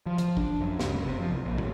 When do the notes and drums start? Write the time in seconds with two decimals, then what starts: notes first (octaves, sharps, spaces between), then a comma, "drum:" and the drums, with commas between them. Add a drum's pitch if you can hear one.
0.06 F3
0.18 F3, drum: hi-hat
0.37 D4, drum: kick
0.61 F#2
0.79 C#2, drum: snare
0.93 F#1
1.06 C3
1.20 F3
1.31 C2
1.45 A#1
1.58 A1, drum: tom